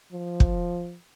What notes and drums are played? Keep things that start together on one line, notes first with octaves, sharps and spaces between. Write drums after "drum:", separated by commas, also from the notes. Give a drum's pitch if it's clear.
F3
drum: kick